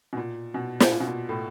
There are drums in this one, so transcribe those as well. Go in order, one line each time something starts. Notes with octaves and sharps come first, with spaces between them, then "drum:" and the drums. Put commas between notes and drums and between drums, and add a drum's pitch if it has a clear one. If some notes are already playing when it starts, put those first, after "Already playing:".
B2
A#2
B2
drum: snare
A#2
B2
A#2
A2